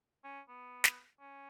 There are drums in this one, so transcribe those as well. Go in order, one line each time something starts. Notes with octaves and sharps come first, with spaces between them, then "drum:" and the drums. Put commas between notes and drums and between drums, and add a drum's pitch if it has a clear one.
C#4
B3
drum: snare
C#4